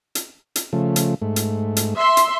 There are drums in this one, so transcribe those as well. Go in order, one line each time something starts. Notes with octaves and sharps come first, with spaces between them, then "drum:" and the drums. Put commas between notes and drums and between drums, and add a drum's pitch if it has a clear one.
drum: hi-hat
drum: hi-hat
C#3 F3 A3
drum: hi-hat
G#2 A3
drum: hi-hat
drum: hi-hat
E5 C6
drum: hi-hat